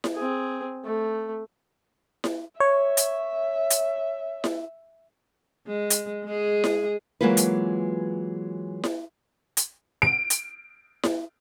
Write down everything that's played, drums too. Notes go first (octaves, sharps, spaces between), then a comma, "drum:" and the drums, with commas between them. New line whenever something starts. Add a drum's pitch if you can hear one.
drum: snare E4
C4 G#4
A3
drum: snare E4
C#5 E5
drum: hi-hat
drum: hi-hat
drum: snare E4
G#3
drum: hi-hat
G#3 G#4
drum: snare E4
E3 F#3 G#3 A#3 F4 B4
drum: hi-hat
drum: snare E4
drum: hi-hat
D7
drum: hi-hat
drum: snare E4